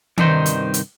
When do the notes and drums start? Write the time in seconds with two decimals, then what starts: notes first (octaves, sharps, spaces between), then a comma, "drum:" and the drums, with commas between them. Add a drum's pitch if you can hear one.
0.18 C2 G2 D#3 D#4 C5, drum: tom D#3
0.46 drum: hi-hat
0.74 drum: hi-hat